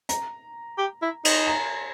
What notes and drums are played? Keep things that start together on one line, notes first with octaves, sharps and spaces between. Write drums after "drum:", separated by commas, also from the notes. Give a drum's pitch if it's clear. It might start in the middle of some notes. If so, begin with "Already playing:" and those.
A#5, drum: hi-hat
G4
E4
D#4, drum: cymbal
A#5